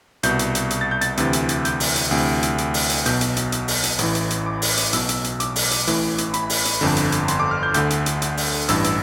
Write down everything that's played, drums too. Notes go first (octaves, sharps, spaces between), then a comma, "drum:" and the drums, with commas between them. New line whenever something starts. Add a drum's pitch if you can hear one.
C2 B2 G6, drum: hi-hat
drum: hi-hat
drum: hi-hat
drum: hi-hat
A6
G6
A6, drum: hi-hat
D2 C3 E3, drum: hi-hat
drum: hi-hat
drum: hi-hat
G6, drum: hi-hat
drum: open hi-hat
drum: hi-hat
D2 C3 E3
drum: hi-hat
drum: hi-hat
drum: open hi-hat
drum: hi-hat
B1 B2 G6, drum: hi-hat
drum: hi-hat
drum: hi-hat
drum: hi-hat
drum: open hi-hat
drum: hi-hat
A1 A2 E3, drum: hi-hat
drum: hi-hat
drum: hi-hat
D6
drum: open hi-hat
drum: hi-hat
B1 B2 E6, drum: hi-hat
drum: hi-hat
drum: hi-hat
D6, drum: hi-hat
drum: open hi-hat
drum: hi-hat
A1 A2 E3, drum: hi-hat
drum: hi-hat
B5, drum: hi-hat
drum: open hi-hat
drum: hi-hat
G1 F2 D3
drum: hi-hat
drum: hi-hat
C6, drum: hi-hat
D6
F6
G6
D2 D3 G6, drum: hi-hat
drum: hi-hat
drum: hi-hat
drum: hi-hat
drum: open hi-hat
A1 G2 E3 E6, drum: hi-hat
drum: hi-hat